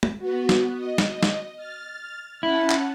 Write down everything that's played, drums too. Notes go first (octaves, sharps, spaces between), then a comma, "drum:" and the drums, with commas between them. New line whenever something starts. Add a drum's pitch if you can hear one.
drum: tom
B3 F#4
drum: snare
D#5
drum: snare
drum: snare
F6 A6
C#4 E4 F#5 A5
drum: clap